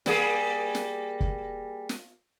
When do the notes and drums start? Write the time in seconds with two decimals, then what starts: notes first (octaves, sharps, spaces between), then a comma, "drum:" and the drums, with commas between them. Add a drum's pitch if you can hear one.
0.06 G3 A#3 G#4, drum: snare
0.75 drum: snare
1.20 drum: kick
1.89 drum: snare